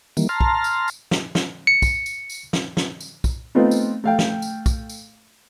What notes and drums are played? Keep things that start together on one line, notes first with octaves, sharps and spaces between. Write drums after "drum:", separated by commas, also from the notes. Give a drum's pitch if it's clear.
D#3 E3 G3 A#3, drum: tambourine
A5 A#5 C6 F6
drum: kick
drum: tambourine
drum: tambourine
drum: snare
drum: snare
C#7
drum: kick, tambourine
drum: tambourine
drum: tambourine
drum: snare
drum: snare
drum: tambourine
drum: kick, tambourine
A3 B3 C4 D#4 F4 B4
drum: tambourine
A3 F5 G5
drum: snare
drum: tambourine
drum: kick, tambourine
drum: tambourine